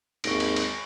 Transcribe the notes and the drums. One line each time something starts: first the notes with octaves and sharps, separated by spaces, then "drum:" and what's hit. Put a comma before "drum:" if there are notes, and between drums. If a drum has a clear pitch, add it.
G#1 D#2 C#6 A#6 D7, drum: cymbal
drum: cymbal
drum: cymbal